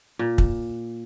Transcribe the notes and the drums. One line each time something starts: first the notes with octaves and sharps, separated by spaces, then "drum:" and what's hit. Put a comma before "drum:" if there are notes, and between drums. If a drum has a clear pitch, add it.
A#2
drum: kick